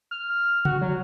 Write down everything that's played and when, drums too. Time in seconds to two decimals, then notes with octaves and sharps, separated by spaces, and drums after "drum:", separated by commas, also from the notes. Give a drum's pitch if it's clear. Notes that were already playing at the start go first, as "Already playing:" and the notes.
0.11 F6
0.65 F#4, drum: tom C#3
0.82 F#3